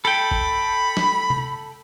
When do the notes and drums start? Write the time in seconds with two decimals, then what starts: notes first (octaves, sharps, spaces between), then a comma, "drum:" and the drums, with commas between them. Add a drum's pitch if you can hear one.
0.05 A4 G5 B5
0.31 drum: kick
0.97 drum: snare
1.30 drum: tom C3